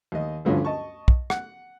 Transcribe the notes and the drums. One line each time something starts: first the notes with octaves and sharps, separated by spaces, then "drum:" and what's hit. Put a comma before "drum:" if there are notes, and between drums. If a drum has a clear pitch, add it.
D#2 D#5
D2 G2 D3 F3 C#4
D#5 A5 C#6
drum: kick
F#5, drum: rim click